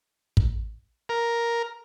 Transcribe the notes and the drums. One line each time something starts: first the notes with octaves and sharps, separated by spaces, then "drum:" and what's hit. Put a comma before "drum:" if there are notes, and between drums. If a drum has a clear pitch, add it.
drum: kick
A#4